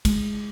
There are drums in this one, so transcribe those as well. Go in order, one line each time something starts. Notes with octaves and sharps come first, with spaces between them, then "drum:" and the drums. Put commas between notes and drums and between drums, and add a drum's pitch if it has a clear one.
G#3, drum: kick, cymbal